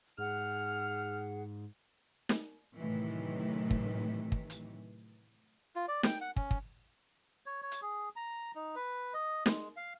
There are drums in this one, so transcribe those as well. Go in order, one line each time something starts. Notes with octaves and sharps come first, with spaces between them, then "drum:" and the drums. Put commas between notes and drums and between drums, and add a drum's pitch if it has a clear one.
G#2 G#4 F#5 F6
drum: snare
A2 C3 D#3 E3 F#3 A3
drum: kick
drum: kick
drum: hi-hat
F4
D5
G5, drum: snare
F#5
C#4, drum: kick
drum: kick
C#5
C#5
drum: hi-hat
G#4
A#5
D#4
B4
D#5
G#3, drum: snare
F5